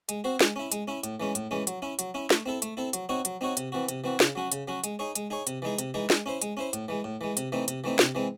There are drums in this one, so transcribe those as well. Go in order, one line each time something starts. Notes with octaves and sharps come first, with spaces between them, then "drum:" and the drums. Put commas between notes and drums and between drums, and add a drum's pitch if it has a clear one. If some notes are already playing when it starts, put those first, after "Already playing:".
G#3, drum: hi-hat
C4 F#4 C5
G#3, drum: snare
C#4 E4
G#3, drum: hi-hat
C#4 E4
A2, drum: hi-hat
E3 G#3 C#4
A2, drum: hi-hat
E3 G#3 C#4
F#3, drum: hi-hat
C#4 E4
F#3, drum: hi-hat
C#4 E4
A3, drum: snare
C4 E4 A4
A3, drum: hi-hat
C4 E4 A4
F#3, drum: hi-hat
C4 D#4 F#4 C#5
F#3, drum: hi-hat
C4 D#4 F#4 C#5
C3, drum: hi-hat
E3 C4 F#4
C3, drum: hi-hat
E3 C4 F#4
C#3, drum: snare
F#3 C#4 F#4
C#3, drum: hi-hat
F#3 C#4 F#4
G#3, drum: hi-hat
D#4 G#4 C#5
G#3, drum: hi-hat
D#4 G#4 C#5
C3, drum: hi-hat
E3 G#3 D#4 G#4
C3, drum: hi-hat
E3 G#3 D#4 G#4
G#3, drum: snare
C#4 E4 C5
G#3, drum: hi-hat
C#4 E4 C5
A2, drum: hi-hat
E3 G#3
A2
E3 G#3
C3, drum: hi-hat
E3 A3 C4 D#4
C3, drum: hi-hat
E3 A3 C4 D#4
C3, drum: snare
E3 G#3 C4